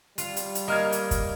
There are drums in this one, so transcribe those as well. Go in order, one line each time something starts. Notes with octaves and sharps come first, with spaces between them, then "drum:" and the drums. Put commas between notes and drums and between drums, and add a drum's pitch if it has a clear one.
G3 F4, drum: hi-hat
drum: hi-hat
drum: hi-hat
A#3 D#5 F6 G#6
drum: hi-hat
drum: kick, hi-hat